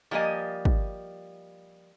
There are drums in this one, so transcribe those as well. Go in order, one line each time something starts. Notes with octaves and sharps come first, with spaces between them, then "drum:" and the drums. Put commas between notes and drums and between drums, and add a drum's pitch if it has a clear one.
F3 G3 A#3 D#5 G#5
drum: kick